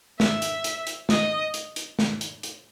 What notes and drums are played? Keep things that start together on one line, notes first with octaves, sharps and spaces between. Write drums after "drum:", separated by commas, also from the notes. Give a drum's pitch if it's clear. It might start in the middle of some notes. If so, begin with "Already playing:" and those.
E5, drum: snare
drum: hi-hat
drum: hi-hat
drum: hi-hat
D#5, drum: snare
drum: hi-hat
drum: hi-hat
drum: snare
drum: hi-hat
drum: hi-hat